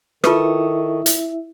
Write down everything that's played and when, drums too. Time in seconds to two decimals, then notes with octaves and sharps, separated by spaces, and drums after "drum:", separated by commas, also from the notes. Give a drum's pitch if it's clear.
0.24 D#3 E4 F4 A4 B4 E5 C#6 D#6, drum: rim click
1.06 drum: hi-hat